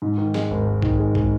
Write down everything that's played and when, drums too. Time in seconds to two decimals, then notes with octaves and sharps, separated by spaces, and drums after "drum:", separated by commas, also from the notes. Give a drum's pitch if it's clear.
0.02 G#2
0.17 D#3
0.34 G#3, drum: snare
0.51 G#1
0.66 G#1
0.82 D#3, drum: kick
0.99 G#3
1.15 G#3, drum: kick